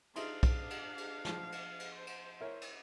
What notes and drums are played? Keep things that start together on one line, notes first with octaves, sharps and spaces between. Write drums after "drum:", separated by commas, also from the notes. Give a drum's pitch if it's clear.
D4 D#4 E5 F5 C6, drum: cymbal
drum: kick, cymbal
drum: cymbal
drum: cymbal
F3, drum: snare
drum: cymbal
drum: cymbal
C5
drum: cymbal
E4 A#4 C#5
drum: cymbal